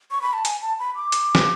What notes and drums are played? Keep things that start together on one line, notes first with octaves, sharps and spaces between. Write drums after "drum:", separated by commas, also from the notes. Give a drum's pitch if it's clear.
C#6
B5
A5
G#5, drum: hi-hat
A5
B5
D6
drum: hi-hat
drum: snare